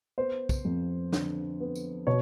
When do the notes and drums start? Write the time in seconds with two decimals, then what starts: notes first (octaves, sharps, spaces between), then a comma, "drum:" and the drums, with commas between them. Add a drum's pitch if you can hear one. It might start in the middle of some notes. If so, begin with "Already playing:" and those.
0.18 B3 C5
0.49 drum: kick, tambourine
0.65 F2
1.12 D3, drum: snare
1.60 B3
1.75 drum: tambourine
2.07 B2 C#5